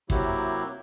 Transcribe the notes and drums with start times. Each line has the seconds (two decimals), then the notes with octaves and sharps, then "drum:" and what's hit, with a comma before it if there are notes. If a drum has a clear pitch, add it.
0.10 C3 F#3 A#3 E4 F#4 G4, drum: kick